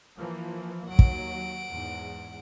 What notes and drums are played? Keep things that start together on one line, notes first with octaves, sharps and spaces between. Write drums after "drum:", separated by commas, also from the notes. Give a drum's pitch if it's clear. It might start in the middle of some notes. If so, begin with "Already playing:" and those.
E3 F3 A#3
D#2 F#3 F#5 D7
drum: kick
E2 G#2